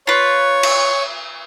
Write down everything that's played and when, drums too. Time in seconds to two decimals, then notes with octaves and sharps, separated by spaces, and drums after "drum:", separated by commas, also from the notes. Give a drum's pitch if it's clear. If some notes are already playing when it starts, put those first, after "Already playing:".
0.07 F4 B4 C#5
0.63 drum: cymbal